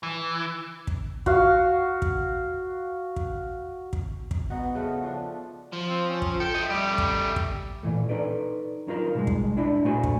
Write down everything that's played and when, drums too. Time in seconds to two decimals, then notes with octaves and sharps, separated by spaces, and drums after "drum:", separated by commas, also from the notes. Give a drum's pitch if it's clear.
0.03 E3
0.87 drum: kick
1.26 F#4 F5, drum: kick
2.02 drum: kick
3.16 drum: kick
3.93 drum: kick
4.31 drum: kick
4.50 B3 D#4 F#4
4.75 C#3 A3 F#4
5.03 F3 D4
5.72 F3
5.89 C4
6.10 C#4
6.22 drum: kick
6.40 A4 G5
6.54 E4 D#5
6.70 G3 A3 G4
6.98 drum: kick
7.36 drum: kick
7.83 A#2 E3 A3
8.09 D#4 A4 B4 D5
8.87 F#3 D#4 F4 A#4
9.15 B2 G3 G#3
9.27 drum: kick
9.57 D4 E4 D5 D#5
9.84 A#2 A3 F#4 C5 G#5
10.03 drum: kick